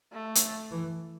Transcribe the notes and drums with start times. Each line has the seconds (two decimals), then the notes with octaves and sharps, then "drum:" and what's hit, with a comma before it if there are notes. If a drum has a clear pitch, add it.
0.12 A3
0.35 drum: hi-hat
0.71 E3